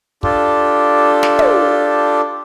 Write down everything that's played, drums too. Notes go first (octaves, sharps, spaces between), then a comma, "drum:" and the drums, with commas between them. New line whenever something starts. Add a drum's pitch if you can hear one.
D4 F4 G4 A4, drum: kick
drum: snare
drum: tom